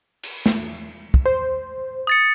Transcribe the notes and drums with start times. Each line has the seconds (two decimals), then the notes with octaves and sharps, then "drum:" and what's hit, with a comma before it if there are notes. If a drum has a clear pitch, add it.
0.23 drum: cymbal
0.46 drum: snare
1.14 drum: kick
1.26 C5
2.07 D#6 A6 C#7